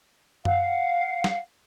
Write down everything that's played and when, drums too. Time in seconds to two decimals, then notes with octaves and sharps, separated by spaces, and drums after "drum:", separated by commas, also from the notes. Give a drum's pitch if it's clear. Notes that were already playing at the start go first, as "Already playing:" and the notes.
0.45 F5 F#5, drum: tom F#2
1.24 drum: snare